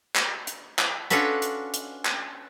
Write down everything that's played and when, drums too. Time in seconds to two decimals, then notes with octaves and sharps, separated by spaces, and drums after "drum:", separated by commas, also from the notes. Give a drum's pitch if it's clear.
0.16 drum: clap
0.47 drum: hi-hat
0.79 drum: clap
1.10 C#4 D4 F4 F#4 A4 B4, drum: hi-hat
1.42 drum: hi-hat
1.74 drum: hi-hat
2.05 drum: clap